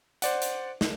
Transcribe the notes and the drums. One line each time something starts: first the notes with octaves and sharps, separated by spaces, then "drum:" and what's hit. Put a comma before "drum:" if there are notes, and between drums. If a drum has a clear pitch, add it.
C5 D5 F#5, drum: hi-hat
drum: hi-hat
drum: snare